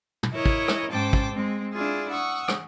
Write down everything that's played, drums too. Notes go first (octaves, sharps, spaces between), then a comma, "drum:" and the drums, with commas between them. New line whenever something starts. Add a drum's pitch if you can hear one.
drum: tom
E4 A#4 C#5 D#5
drum: kick
drum: rim click
G#2 C#4 C5 G5 A5 D6
drum: kick
G#3 C4
D4 E4 F4 G#4
F#5 C#6 D#6 E6
drum: rim click